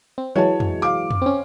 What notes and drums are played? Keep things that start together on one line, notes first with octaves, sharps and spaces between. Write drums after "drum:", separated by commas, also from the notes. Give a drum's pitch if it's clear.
C4
E3 F#3 G#3 C#5 A5
drum: tom F2
F5 D6
drum: tom F2
C4 C#4